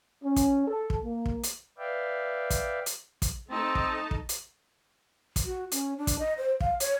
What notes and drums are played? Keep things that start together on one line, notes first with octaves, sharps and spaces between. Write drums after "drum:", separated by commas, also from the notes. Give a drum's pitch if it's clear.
C#4
drum: kick, hi-hat
A4
drum: kick
A#3
drum: kick
drum: hi-hat
B4 D5 E5 F5 G5
drum: kick, hi-hat
drum: hi-hat
drum: kick, hi-hat
A3 C4 D#4 A5
drum: kick
drum: kick
drum: hi-hat
drum: kick, hi-hat
F#4
C#4, drum: hi-hat
D4
drum: kick, hi-hat
D#5
C5
F5, drum: kick
C#5, drum: hi-hat